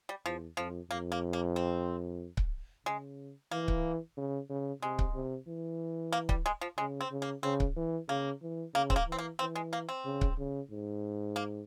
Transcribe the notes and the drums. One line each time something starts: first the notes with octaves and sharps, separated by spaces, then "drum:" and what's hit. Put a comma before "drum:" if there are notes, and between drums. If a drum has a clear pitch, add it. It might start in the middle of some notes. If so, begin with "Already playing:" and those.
G3
E2 F3
F2 F3
F2 A#3
A#3
A#3
C4
drum: kick C#1
C#3 G#3
E3 A#3
drum: kick C#1
C#3
C#3
C3 G#3
drum: kick C#1
C3
E3
A#3
G3, drum: kick C#1
G#3
F3
C#3 G#3
C4
C#3
A#3
C#3 C4
drum: kick C#1
E3
C#3 A#3
E3
C#3 A#3
C4, drum: kick C#1
A#3
E3 C4
A#3
E3 C4
G#3
A#3
C4
C#3
drum: kick C#1
C#3
G#2
A#3